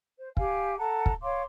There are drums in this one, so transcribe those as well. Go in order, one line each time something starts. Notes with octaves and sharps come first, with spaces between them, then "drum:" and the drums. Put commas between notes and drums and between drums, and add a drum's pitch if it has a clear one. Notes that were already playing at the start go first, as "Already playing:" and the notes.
C5
G4 F5 G#5, drum: kick
A4 F#5 A5 A#5
drum: kick
C#5 F5 C6 D6